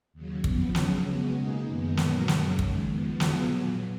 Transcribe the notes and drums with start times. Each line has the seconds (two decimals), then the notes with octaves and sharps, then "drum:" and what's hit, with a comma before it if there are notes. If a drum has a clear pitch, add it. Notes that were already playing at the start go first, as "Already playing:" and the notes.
0.13 D#2 C#3 F#3
0.44 F2 F3 B3, drum: kick
0.75 C#3 F#3 C#4 G#4, drum: snare
1.05 C#3 G#3 B3 F#4
1.35 B2 A#3 D#4 G#4
1.67 F#2 D#3 G#3 B3
1.97 A#2 F#3 B3 F#4 A#4, drum: snare
2.28 F#2 C#3 F#3, drum: snare
2.59 G#2 D#3 G#3, drum: kick
2.89 F2 F3 B3
3.20 B2 F#3 B3 F4 G#4, drum: snare
3.50 A#2 F#3 B3